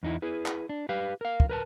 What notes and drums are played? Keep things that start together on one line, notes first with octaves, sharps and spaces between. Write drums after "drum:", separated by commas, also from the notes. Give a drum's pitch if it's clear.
E2 D#4 E4
E4 G#4 B4
drum: clap
D4
G4 B4 F5
A#4 F5
drum: kick
A#4 B4 A5